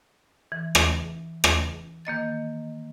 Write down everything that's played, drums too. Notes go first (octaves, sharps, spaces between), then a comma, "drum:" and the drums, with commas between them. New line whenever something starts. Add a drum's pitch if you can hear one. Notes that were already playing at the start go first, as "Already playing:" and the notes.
E3
drum: rim click
drum: rim click
D#3 A#3 D#5 A6